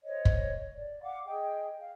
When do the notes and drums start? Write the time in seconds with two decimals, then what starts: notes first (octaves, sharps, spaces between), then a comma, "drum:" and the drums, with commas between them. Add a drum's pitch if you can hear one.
0.04 C5 C#5 D#5
0.25 drum: kick
0.74 D5
1.02 F5 F#5 D6
1.26 G#4 D#5 G5
1.79 F5